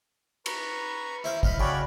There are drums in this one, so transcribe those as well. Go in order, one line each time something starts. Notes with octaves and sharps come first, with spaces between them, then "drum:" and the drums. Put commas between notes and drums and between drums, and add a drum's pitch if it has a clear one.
B4 A#5 C#6, drum: cymbal
E4 C5 F5
D#5 F5 B5 F6, drum: kick
C#3 F#4 C#5 D5 G5 B5